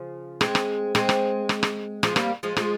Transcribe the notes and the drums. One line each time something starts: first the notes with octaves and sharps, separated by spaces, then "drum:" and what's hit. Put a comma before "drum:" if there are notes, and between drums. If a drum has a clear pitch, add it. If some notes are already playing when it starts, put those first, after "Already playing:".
Already playing: C#3 F3
G#3 C4, drum: rim click
drum: rim click
G#3 C4, drum: rim click
drum: rim click
drum: rim click
drum: rim click
F3 G#3, drum: rim click
G3 A#3, drum: rim click
F3 G#3
F3 G#3, drum: rim click